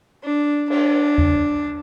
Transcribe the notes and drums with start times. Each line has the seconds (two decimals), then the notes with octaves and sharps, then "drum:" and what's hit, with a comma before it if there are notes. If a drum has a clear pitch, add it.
0.24 D4
0.70 D4, drum: cymbal
1.18 drum: tom E2